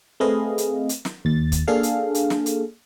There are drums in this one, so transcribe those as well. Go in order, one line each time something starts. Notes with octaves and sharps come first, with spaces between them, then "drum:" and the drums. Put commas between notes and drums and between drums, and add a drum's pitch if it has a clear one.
A3 C4 G#4 B4 D#5 F5
drum: hi-hat
drum: hi-hat
drum: snare
D#2 A6
drum: kick, hi-hat
A#3 D4 G#4 A4 F5
drum: hi-hat
drum: hi-hat
drum: snare
drum: hi-hat